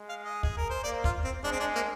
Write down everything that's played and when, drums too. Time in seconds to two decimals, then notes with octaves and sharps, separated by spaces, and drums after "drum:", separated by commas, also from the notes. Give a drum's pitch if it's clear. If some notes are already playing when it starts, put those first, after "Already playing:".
Already playing: G#3
0.09 F5
0.23 D#5
0.43 G#4, drum: kick
0.57 A#4
0.70 C5
0.83 A#3 D5
1.04 F4, drum: kick
1.24 C4
1.44 G#3 D4
1.52 C4
1.60 D4
1.75 A#3